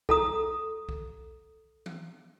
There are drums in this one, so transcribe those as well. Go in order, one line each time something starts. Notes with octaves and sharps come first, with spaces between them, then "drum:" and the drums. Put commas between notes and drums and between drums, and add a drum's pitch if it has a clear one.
A4 A#5 D#6, drum: kick B1
drum: kick B1
drum: tom